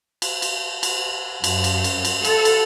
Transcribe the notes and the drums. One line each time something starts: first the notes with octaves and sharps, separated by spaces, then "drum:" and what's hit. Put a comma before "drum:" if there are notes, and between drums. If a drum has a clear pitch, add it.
drum: cymbal
drum: cymbal
drum: cymbal
F#2, drum: cymbal
drum: cymbal
drum: cymbal
drum: cymbal
A4, drum: cymbal
drum: cymbal